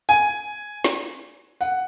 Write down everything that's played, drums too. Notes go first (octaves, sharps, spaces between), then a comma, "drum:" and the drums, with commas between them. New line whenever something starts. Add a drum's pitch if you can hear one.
G#5, drum: tambourine
drum: snare
F#5, drum: tambourine